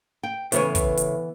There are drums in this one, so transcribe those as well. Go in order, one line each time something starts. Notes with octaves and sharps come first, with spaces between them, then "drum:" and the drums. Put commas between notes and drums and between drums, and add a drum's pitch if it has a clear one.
G5
A2 C#3 E3 B3 C#5, drum: hi-hat
drum: kick, hi-hat
drum: hi-hat